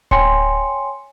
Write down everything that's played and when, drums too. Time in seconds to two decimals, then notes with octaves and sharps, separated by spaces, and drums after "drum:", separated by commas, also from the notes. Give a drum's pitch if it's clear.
0.11 C#5 G5 G#5 C6 C#7, drum: kick D1